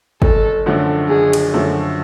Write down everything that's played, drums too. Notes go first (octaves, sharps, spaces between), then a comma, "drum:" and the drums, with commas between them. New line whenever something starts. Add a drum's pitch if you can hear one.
F#1 A4, drum: kick
F#2 D3 F3 A3
F#1 G#4
drum: cymbal
F#2 D3 F3 A3